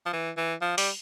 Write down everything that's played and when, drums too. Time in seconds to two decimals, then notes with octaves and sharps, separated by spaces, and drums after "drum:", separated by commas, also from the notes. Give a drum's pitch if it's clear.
0.06 F3
0.13 E3
0.37 E3
0.62 F3
0.78 G3, drum: open hi-hat